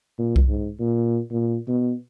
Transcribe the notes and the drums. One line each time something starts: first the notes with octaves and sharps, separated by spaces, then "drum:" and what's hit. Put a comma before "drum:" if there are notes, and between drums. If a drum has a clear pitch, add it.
A#2
drum: kick C2
G#2
A#2
A#2
B2